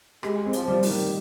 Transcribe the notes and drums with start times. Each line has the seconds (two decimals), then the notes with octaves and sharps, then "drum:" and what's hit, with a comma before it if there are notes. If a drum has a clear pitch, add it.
0.23 G#3 G4, drum: rim click
0.46 C4
0.53 F3, drum: hi-hat
0.68 G3
0.83 D#3, drum: open hi-hat
0.91 G3